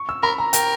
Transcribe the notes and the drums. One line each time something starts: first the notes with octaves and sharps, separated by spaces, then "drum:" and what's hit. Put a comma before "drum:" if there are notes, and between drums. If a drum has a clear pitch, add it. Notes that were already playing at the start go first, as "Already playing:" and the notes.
Already playing: C#6
E6
A#4 B5
A#5
A#4 G5, drum: hi-hat